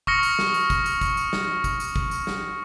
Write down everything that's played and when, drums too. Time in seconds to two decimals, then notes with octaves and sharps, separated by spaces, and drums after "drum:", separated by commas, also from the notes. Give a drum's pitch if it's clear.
0.07 C#6 D#6 F6 A#6 C#7, drum: kick
0.23 drum: tambourine
0.39 drum: snare
0.54 drum: tambourine
0.70 drum: kick, tambourine
0.86 drum: tambourine
1.01 drum: kick, tambourine
1.17 drum: tambourine
1.33 drum: snare
1.64 drum: kick, tambourine
1.80 drum: tambourine
1.96 drum: kick
2.11 drum: tambourine
2.27 drum: snare